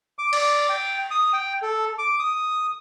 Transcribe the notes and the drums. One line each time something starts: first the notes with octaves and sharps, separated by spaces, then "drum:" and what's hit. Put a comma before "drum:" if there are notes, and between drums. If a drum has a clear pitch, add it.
D6
D5, drum: cymbal
G5
D#6
G5
A4
D6
D#6